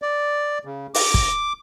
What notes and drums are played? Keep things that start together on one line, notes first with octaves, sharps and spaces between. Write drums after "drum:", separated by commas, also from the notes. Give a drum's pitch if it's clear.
D5
C#3
D6, drum: open hi-hat
drum: kick